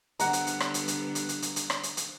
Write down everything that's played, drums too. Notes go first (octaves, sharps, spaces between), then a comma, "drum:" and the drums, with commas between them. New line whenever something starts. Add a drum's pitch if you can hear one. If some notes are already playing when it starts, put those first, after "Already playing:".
D3 G3 B3 F#5 A#5, drum: hi-hat
drum: hi-hat
drum: hi-hat
drum: rim click
drum: hi-hat
drum: hi-hat
drum: hi-hat
drum: hi-hat
drum: hi-hat
drum: hi-hat
drum: rim click
drum: hi-hat
drum: hi-hat